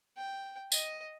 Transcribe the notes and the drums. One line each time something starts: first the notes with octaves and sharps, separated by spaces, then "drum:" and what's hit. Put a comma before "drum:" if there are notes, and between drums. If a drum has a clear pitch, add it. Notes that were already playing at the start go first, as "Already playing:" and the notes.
G5
D#5, drum: tambourine